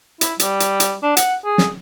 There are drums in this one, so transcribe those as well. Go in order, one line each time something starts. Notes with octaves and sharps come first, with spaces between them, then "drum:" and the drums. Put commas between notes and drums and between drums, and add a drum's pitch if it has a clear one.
E4, drum: hi-hat
G3, drum: hi-hat
drum: hi-hat
drum: hi-hat
D4
F#5, drum: hi-hat
G#4
drum: snare